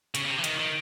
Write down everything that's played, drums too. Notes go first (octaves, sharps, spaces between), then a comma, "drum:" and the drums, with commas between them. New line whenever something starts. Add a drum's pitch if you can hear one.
C#3, drum: hi-hat
C#3
C3
E3
D#3, drum: hi-hat
D#3